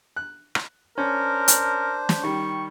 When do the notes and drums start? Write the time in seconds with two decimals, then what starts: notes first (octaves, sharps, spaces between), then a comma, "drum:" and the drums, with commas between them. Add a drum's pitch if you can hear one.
0.16 F#6
0.55 drum: rim click
0.98 C#4 D4 A#4 C5
1.48 drum: hi-hat
2.09 drum: snare
2.23 D#3 G3 C#6